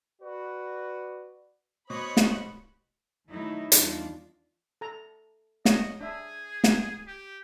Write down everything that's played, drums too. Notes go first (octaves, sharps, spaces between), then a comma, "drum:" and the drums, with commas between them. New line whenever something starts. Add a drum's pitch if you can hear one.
F#4 B4 D5
B2 C5 C#5 D#5 B5 C#6 D#6 F#6
drum: snare
D#2 F#3 A3 D#4 E4
E2 G3 D4 D#4 F4, drum: hi-hat
A4 A#5
C#5 D#5, drum: snare
D4 G#4 E5
drum: snare
G4